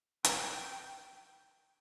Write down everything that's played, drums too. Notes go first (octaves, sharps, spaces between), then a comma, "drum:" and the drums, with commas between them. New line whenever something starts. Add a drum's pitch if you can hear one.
G5, drum: hi-hat